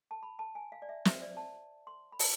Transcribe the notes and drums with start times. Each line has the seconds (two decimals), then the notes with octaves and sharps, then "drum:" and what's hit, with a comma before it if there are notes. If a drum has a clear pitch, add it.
0.11 A5
0.23 B5
0.39 A5
0.55 G#5
0.72 F5
0.82 D5
0.89 E5
1.05 E5, drum: snare
1.15 C5
1.22 D5
1.37 A5
1.87 C6
2.12 B5
2.19 A5, drum: open hi-hat